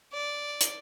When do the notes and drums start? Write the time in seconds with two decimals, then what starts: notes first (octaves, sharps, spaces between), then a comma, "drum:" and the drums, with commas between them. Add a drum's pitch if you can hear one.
0.14 D5
0.61 drum: hi-hat